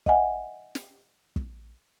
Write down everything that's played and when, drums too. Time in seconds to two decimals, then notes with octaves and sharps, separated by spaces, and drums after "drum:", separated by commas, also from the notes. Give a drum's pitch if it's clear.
0.06 D#5 E5 F#5 G#5, drum: kick
0.75 drum: snare
1.36 drum: kick